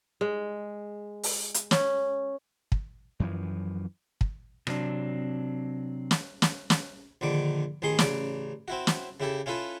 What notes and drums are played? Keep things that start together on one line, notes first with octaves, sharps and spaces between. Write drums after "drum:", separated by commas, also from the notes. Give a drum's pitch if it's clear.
G#3
drum: open hi-hat
drum: hi-hat
C#4, drum: snare
drum: kick
F#2 E3 F3
drum: kick
C3 F#3 C4 D4, drum: rim click
drum: snare
drum: snare
drum: snare
A#1 D3 D#3 D5
A1 D#3 G#4 C6 C#6
A1 C#3 D5, drum: snare
C4 E4 F#4
drum: snare
C#3 E4 G4 A4
C#4 E4 F4 A4 B4